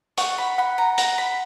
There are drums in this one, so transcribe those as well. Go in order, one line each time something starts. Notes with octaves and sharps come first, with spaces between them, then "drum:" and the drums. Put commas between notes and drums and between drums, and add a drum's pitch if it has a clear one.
F#5 C#6, drum: hi-hat
B5
F#5 B5
A#5
F#5 A#5, drum: hi-hat
B5